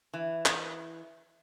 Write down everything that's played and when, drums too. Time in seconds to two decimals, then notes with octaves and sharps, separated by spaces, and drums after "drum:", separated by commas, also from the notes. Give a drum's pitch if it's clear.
0.14 E3
0.46 drum: clap